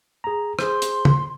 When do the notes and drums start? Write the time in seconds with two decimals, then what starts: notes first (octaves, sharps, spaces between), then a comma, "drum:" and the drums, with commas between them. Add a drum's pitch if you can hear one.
0.24 G#4 A#5
0.59 G#4 C5 C6, drum: rim click
0.82 drum: hi-hat
1.05 drum: tom